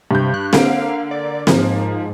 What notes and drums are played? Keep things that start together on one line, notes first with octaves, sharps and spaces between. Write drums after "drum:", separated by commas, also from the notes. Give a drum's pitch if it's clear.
G2 C3 G6
F#6
D3 A#3 F5 D7, drum: snare C4
D5
G#2 F3 A#3, drum: snare C4